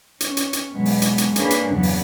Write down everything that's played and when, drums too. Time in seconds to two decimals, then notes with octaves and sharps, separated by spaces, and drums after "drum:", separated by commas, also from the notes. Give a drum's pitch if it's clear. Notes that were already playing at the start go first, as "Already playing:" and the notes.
0.20 C#4, drum: hi-hat
0.37 drum: hi-hat
0.53 drum: hi-hat
0.72 E2 B2 F#3 G#3 B3
0.85 drum: open hi-hat
1.02 drum: hi-hat
1.18 drum: hi-hat
1.36 A#3 C#4 D4 G#4 B4, drum: hi-hat
1.50 drum: hi-hat
1.71 E2 G2 C#3 E3 F#3 B3
1.83 drum: open hi-hat